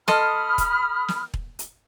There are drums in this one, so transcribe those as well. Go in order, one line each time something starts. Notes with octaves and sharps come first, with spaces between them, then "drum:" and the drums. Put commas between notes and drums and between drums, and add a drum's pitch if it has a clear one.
A4 D#5 B5 C6 D#6 F6, drum: snare
drum: kick E1, hi-hat
drum: snare
drum: kick E1
drum: hi-hat